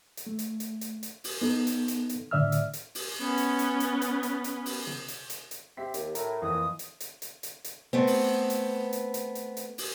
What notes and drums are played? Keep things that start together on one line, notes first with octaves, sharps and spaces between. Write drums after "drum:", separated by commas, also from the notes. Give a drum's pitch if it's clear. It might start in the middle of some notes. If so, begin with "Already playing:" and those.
drum: hi-hat
A3
drum: hi-hat
drum: hi-hat
drum: hi-hat
drum: hi-hat
drum: open hi-hat
B3 D#4 A4
drum: hi-hat
drum: hi-hat
drum: hi-hat
A2 D3 D5 E5 E6 F6
drum: hi-hat
drum: hi-hat
drum: open hi-hat
B3 C#4
drum: hi-hat
drum: hi-hat
drum: hi-hat
drum: hi-hat
drum: hi-hat
drum: hi-hat
drum: open hi-hat
drum: tom
drum: hi-hat
drum: hi-hat
drum: hi-hat
C4 G4 E5 B6
D#2, drum: hi-hat
A2 A#4, drum: hi-hat
F2 E3 F3 A#3 D#6
drum: hi-hat
drum: hi-hat
drum: hi-hat
drum: hi-hat
drum: hi-hat
A3 B3 C4
drum: open hi-hat
drum: hi-hat
drum: hi-hat
drum: hi-hat
drum: hi-hat
drum: hi-hat
drum: open hi-hat